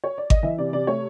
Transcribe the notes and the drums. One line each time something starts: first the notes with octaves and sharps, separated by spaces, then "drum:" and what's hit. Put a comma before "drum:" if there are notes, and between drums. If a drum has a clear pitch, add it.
C#5
D5
D#5, drum: kick G#1
E3 E5
C3 D5
C3 D5
A3 C#5